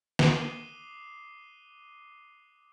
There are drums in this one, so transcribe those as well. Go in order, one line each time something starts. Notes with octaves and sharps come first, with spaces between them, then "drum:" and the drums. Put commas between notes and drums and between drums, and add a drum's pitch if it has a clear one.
D6 D#6 F#6 C7 D#7 G7, drum: snare